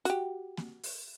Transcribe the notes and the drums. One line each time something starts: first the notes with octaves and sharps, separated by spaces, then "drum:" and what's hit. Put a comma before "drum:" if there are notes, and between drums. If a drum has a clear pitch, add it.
F#4 G4, drum: hi-hat
drum: snare A#3
drum: open hi-hat